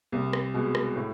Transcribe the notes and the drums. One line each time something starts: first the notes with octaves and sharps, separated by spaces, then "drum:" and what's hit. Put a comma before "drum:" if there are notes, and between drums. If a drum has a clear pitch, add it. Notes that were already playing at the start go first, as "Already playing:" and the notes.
C2
drum: rim click
B2 G#3
drum: rim click
A2